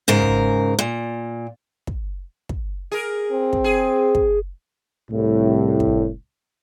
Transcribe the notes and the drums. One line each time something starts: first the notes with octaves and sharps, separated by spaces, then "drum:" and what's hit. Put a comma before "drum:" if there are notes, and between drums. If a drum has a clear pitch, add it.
G#2 C#3 A#4
drum: kick
A#2
drum: kick
drum: kick
G#4 A#4
C4
drum: kick
G#4
drum: kick
C2 A2
drum: kick